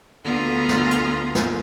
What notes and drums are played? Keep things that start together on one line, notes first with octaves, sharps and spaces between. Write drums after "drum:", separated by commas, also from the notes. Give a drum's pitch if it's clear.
D2 D3 B3 F4 G#4 A#5
drum: snare
drum: hi-hat
drum: snare